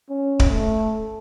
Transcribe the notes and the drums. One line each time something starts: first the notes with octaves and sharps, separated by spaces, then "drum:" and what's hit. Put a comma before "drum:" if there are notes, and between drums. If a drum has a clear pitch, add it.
C#4
drum: kick D1
A3